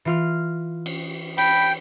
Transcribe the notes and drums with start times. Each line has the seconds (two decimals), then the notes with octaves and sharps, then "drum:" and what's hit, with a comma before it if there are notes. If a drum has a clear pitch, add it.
0.05 E3 F4 F6
0.86 drum: cymbal
1.38 G5 B5, drum: cymbal